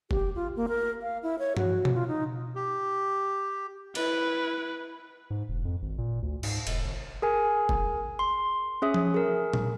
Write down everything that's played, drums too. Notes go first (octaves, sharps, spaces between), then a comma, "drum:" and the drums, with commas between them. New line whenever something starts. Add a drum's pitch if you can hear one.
G4, drum: kick
F4
A#3
A#4
F5
E4
C#5
F#4, drum: tom G2
drum: tom B2
F4
D#4
G4
E4 B4, drum: cymbal
G#2
E1
F2
G#1
A#2
D2
G#2, drum: cymbal
E1, drum: cymbal
G1
G#4 A#4 G#5
drum: kick
C6
C#4 G#4 E5 D#6
drum: tom F3
G#4 A#4
drum: tom A#2